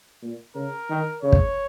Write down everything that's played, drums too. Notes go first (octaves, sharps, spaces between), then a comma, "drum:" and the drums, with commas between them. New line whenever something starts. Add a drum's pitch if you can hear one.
A#2
C#3 A#4
D#3
C#3 C#5
drum: kick